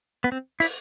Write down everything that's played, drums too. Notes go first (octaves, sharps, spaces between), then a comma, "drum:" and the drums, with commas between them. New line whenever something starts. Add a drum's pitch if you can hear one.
B3
C4
E4, drum: open hi-hat